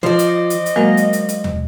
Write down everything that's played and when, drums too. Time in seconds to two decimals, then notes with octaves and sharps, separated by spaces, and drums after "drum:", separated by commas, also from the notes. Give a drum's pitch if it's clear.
0.03 F3 C5 D5 D#5
0.19 drum: hi-hat
0.50 drum: hi-hat
0.66 drum: hi-hat
0.76 F#3 G#3 A#3 F#4
0.97 drum: hi-hat
1.13 drum: hi-hat
1.29 drum: hi-hat
1.44 drum: tom D#2